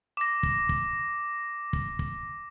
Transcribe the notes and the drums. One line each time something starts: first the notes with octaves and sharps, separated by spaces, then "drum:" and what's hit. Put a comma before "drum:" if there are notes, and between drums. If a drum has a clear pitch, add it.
D6 A#6
drum: kick
drum: kick
drum: kick
drum: kick